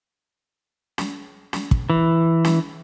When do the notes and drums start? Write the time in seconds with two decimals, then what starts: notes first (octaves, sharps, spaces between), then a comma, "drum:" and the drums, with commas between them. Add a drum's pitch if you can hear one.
0.98 drum: snare
1.53 drum: snare
1.71 drum: kick
1.90 E3
2.45 drum: snare